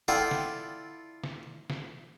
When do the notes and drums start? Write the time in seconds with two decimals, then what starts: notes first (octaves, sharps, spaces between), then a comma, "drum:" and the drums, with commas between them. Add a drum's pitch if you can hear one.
0.08 E4 F4 A4 D5 F#5 G5
0.31 drum: snare
1.24 drum: snare
1.70 drum: snare